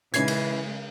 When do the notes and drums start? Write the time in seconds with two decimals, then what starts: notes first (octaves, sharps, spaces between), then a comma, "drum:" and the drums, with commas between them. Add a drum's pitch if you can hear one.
0.14 A#2 C#3 E3 G#3 C#4 D#4 G#6 C7, drum: hi-hat
0.28 drum: cymbal